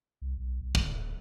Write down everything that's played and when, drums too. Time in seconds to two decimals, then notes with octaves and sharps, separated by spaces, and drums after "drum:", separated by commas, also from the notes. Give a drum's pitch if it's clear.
0.22 C2
0.38 B1
0.61 B1
0.75 D1, drum: kick